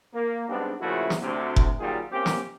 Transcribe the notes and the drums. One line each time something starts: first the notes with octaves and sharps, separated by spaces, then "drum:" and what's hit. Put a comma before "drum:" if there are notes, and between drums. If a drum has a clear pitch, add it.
A#3
G#2 G3 B3 C4 D4
A#2 C#3 F3 A3 E4 F#4
drum: snare
D2 C3
drum: kick F1
A#2 D#3 F#3 G3 F4 G#4
A#3 C4 C#4 G4
drum: snare